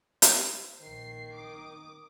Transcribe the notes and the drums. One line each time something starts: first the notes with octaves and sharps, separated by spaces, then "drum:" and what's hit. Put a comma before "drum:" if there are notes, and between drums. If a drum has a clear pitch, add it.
C5, drum: hi-hat
A#1 D#3 C7
D6 D#6